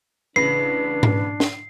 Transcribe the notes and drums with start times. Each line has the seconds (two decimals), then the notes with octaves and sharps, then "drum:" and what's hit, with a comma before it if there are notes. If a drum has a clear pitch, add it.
0.36 A1 C#3 D4 B4 A#6 C7
1.03 drum: tom G#2
1.40 drum: snare